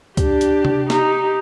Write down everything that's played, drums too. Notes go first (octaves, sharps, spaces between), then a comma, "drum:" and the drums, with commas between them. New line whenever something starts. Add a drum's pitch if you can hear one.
D4 G4, drum: kick C#2, hi-hat
drum: hi-hat
drum: tom C3
D#4 G4, drum: snare